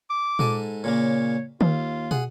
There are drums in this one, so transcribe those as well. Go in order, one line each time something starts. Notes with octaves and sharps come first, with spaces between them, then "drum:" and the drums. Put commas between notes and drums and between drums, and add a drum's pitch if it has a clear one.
D6
G#2 A4 G#5, drum: tom A#2
A#2 C#3 A#3 C#5
D#2 F4, drum: tom D#3
G#4 F#5, drum: tom